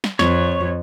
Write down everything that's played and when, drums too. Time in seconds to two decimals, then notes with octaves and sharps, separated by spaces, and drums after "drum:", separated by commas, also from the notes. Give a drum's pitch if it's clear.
0.04 drum: snare
0.19 F2 C#5, drum: snare